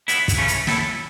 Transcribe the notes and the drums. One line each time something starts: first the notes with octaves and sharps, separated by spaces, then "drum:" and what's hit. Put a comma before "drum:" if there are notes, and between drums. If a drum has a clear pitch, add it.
C#2 B3 E4, drum: hi-hat
drum: kick, hi-hat
C#3 E3 A3 C#4
drum: hi-hat
C#2 E4 A4, drum: snare